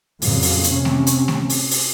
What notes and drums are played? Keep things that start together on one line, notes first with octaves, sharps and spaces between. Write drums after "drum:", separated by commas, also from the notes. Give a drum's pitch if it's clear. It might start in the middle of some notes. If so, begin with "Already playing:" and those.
F2 A#2 C#3 F#3, drum: open hi-hat
drum: open hi-hat
C3 C#4, drum: hi-hat
drum: snare A3
drum: hi-hat
drum: snare A3
drum: open hi-hat
drum: open hi-hat